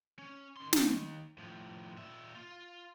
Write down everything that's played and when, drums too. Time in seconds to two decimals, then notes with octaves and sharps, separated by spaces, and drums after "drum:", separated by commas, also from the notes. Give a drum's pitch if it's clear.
0.19 C#4
0.57 D#3 C6
0.73 D#2 D#3, drum: snare
1.38 A2 F3
1.98 A#2 E5
2.35 F4